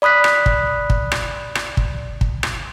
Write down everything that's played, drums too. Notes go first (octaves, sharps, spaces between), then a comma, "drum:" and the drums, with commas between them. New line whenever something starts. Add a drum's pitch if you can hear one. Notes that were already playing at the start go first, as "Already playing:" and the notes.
D5 B5 D#6 F#6 B6
drum: rim click
drum: kick
drum: kick
drum: rim click
drum: rim click
drum: kick
drum: kick
drum: rim click